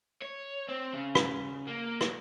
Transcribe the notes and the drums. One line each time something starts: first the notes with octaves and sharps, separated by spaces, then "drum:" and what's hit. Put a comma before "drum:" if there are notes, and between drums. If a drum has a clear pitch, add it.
C#5
C4
C#3
drum: rim click
A#3
drum: rim click